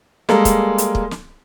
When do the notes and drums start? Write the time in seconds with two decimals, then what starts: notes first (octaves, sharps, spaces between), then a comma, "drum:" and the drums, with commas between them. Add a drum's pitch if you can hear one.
0.29 G3 G#3 A#3 A4 A#4, drum: snare
0.45 drum: kick, hi-hat
0.78 drum: hi-hat
0.95 drum: kick
1.11 drum: snare